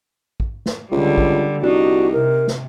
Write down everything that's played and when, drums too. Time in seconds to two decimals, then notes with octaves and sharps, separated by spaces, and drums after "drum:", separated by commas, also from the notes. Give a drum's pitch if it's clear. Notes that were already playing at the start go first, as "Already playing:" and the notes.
0.40 drum: kick A1
0.66 drum: snare
0.92 C#2 D3 G3
1.18 drum: kick A1
1.62 C2 D4 D#4 F#4
2.12 C3 A#4
2.48 drum: snare